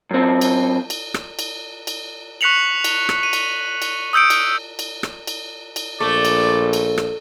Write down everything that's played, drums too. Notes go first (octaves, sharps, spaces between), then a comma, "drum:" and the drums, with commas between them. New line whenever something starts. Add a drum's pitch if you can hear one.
F#2 C4
drum: cymbal
drum: cymbal
drum: rim click
drum: cymbal
drum: cymbal
C#6 F#6 B6 C#7 F7 F#7
drum: cymbal
drum: rim click
D#7
drum: cymbal
drum: cymbal
D#6 E6 G6 C#7 D7
drum: cymbal
drum: cymbal
drum: rim click
drum: cymbal
drum: cymbal
A#1 A3 D5
drum: cymbal
drum: cymbal
drum: rim click